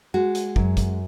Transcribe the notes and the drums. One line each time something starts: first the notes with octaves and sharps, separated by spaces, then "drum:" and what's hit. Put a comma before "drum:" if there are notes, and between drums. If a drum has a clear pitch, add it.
G#3 F#4
drum: hi-hat
F#2, drum: kick
drum: kick, hi-hat